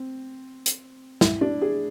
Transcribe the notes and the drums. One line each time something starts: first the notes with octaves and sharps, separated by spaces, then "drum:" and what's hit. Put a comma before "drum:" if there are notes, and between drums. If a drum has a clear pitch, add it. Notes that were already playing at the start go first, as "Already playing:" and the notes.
Already playing: C4
drum: hi-hat
E4, drum: snare
D4
G#4